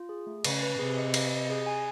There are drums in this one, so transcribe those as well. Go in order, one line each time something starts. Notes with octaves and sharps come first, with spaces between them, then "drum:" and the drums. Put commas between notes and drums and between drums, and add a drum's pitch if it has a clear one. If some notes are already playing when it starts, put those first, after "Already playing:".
Already playing: F4
G#4
A3
C#3 B4, drum: cymbal
B4
C3 G#4
D#5
B4, drum: cymbal
D#5
G#4
G#5